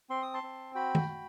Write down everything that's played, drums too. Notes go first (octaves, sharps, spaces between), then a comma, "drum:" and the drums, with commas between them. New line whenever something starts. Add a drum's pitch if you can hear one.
C4 C6
D#6
A5 C6
C4
F#4 G5 B5
drum: tom D#3
F#4